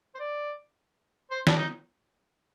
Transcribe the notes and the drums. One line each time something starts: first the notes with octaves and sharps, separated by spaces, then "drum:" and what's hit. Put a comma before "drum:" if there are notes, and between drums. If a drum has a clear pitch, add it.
C5
D5
C5
D4, drum: snare
D#4